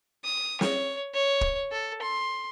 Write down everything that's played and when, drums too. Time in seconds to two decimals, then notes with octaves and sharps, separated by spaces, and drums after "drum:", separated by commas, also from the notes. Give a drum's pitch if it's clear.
0.24 D#6
0.61 C#5, drum: snare
1.13 C#5
1.41 drum: kick
1.72 A4
2.02 C6